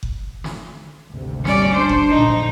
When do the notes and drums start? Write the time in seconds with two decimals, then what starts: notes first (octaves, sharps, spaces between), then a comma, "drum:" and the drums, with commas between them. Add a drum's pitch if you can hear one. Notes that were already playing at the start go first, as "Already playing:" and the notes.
0.03 drum: kick F#1
0.44 drum: snare
1.09 G#1 D2 C3
1.45 G3 C#4 D5, drum: snare
1.75 D4 C5
1.89 drum: kick F#1
2.10 A#1 F#2 D3 D#4